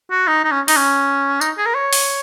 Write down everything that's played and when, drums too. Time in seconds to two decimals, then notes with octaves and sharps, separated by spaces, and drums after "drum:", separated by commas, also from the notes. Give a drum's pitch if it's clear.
0.11 F#4
0.27 D#4
0.44 D#4
0.52 C#4
0.68 D#4, drum: open hi-hat
0.77 C#4
1.41 D#4, drum: tambourine
1.58 G#4
1.66 A#4
1.74 C#5
1.93 drum: open hi-hat